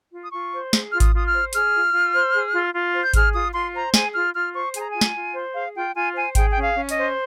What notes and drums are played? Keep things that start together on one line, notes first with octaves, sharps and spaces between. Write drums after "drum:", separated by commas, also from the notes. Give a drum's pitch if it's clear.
F4
D#6
F4 C#6
C5
G#4, drum: snare
F4 F6
D#6, drum: kick G#1, hi-hat
F4 D#6
F6
C5
G#4 F6, drum: hi-hat
F4
F4
C5
G#4
F4
F4
C5
G6
G#4 F6, drum: kick G#1, hi-hat
F4 D#6
F4 C6
C5 A#5
G#4 G#5, drum: snare
F4 F6
F4 F6
C5 C#6
G#4 G#5, drum: hi-hat
A#5
F4 G#5
drum: snare
F4
C5
G#4 F5
F4 G5
F4 G#5
C5 G#5
G#4 G5, drum: kick G#1, hi-hat
G5
C#4
F5
C#4
D#5, drum: hi-hat
C5